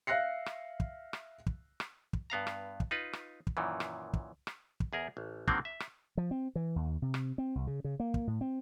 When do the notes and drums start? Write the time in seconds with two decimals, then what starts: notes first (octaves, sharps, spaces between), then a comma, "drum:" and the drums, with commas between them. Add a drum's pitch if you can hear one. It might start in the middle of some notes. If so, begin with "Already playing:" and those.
0.07 E5 F5 F#6 A#6 C7 C#7
0.46 drum: rim click
0.80 drum: kick
1.13 drum: rim click
1.46 drum: kick
1.80 drum: rim click
2.13 drum: kick
2.30 G2 B3 F5 A#5
2.47 drum: rim click
2.80 drum: kick
2.91 D#4 F4 B4
3.13 drum: rim click
3.47 drum: kick
3.57 F#2 A#2 D#3 E3
3.80 drum: rim click
4.13 drum: kick
4.47 drum: rim click
4.80 drum: kick
4.93 E2 G#4 A#4
5.17 A1
5.48 D3 D#3 F#3 G#3 A#3 C4, drum: kick
5.65 E5
5.80 drum: rim click
6.17 F3
6.31 C4
6.56 E3
6.76 D#2
7.02 C3
7.14 drum: rim click
7.38 C4
7.55 C2
7.67 C#3
7.84 C#3
8.00 A#3
8.14 drum: kick
8.27 A2
8.41 C4